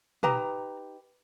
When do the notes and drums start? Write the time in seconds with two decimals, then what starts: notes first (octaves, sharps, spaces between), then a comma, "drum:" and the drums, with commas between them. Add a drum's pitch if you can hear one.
0.23 D#4 G4 B4 A#5, drum: tom